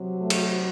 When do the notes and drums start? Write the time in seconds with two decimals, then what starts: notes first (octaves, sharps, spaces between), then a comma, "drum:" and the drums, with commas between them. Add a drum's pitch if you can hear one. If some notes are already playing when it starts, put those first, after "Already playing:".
Already playing: C3 F#3
0.21 A3
0.30 drum: cymbal